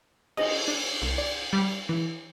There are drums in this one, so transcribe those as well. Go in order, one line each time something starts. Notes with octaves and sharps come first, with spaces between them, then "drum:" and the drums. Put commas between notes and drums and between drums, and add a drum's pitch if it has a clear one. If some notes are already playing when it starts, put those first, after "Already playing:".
D#5, drum: cymbal
D4
C2
D5
G3
E3